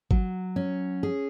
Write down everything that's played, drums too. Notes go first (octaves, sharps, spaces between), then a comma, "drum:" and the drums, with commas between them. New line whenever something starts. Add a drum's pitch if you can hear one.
F#3, drum: kick
C#4
G#4